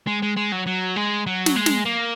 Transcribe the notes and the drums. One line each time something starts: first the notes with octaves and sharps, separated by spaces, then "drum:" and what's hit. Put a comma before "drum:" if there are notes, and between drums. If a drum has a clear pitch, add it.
G#3
G#3
G#3
F#3
F#3
G#3
F#3
drum: snare
G#3
drum: snare
A#3